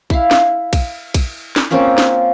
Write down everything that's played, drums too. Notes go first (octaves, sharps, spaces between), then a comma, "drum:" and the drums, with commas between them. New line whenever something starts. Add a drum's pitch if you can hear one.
E4 F5, drum: kick
drum: snare
drum: kick, cymbal
drum: kick, cymbal
drum: snare
A#3 C4 C#4 F4
drum: snare